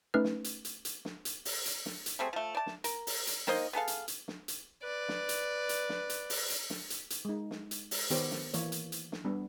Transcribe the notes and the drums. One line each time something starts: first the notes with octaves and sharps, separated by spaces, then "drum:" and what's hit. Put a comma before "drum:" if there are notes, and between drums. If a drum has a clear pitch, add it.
A3 C#4 D#4 B4 F6
drum: snare
drum: hi-hat
drum: hi-hat
drum: hi-hat
drum: snare
drum: hi-hat
drum: open hi-hat
drum: hi-hat
drum: snare
drum: hi-hat
G3 A3 C4 G#4
F3 A3
D5 A5
drum: snare
A#4, drum: hi-hat
drum: open hi-hat
drum: hi-hat
D#3 A#3 C5 D#5, drum: snare
B3 G#4 A4 F5
drum: hi-hat
drum: hi-hat
drum: snare
drum: hi-hat
B4 D5
drum: snare
drum: hi-hat
drum: hi-hat
drum: snare
drum: hi-hat
drum: open hi-hat
drum: hi-hat
drum: snare
drum: hi-hat
drum: hi-hat
G#3 D#4
drum: snare
drum: hi-hat
drum: open hi-hat
D#3 B3 G4 C5 C#5, drum: hi-hat
drum: snare
E3 A#3 C#5, drum: hi-hat
drum: hi-hat
drum: hi-hat
drum: snare
G3 B3 D4